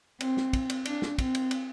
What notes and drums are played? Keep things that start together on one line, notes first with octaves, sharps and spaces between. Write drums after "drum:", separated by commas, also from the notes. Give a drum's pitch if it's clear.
C4, drum: cymbal
drum: snare
drum: kick, cymbal
drum: cymbal
D4, drum: cymbal
drum: snare
C4, drum: kick, cymbal
drum: cymbal
drum: cymbal